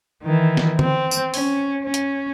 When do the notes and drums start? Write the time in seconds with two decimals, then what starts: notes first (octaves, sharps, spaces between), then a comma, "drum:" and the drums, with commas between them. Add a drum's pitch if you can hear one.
0.23 D#3 E3
0.57 drum: snare
0.79 C4, drum: tom D3
1.11 drum: tambourine
1.34 C#4, drum: open hi-hat
1.84 C#4
1.94 drum: hi-hat